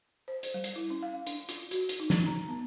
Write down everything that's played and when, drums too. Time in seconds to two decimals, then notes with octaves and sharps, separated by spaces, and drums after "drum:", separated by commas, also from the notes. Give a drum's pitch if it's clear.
0.28 C5
0.43 drum: hi-hat
0.54 G3
0.64 drum: hi-hat
0.76 E4
0.90 C#4
1.03 F5
1.27 D4, drum: hi-hat
1.49 F4, drum: hi-hat
1.71 F#4, drum: hi-hat
1.89 drum: hi-hat
2.00 D#4
2.10 drum: snare
2.26 A#5
2.49 B3